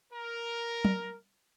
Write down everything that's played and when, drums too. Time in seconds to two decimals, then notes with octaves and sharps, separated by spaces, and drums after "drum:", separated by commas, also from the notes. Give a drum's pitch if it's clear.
0.12 A#4
0.85 drum: tom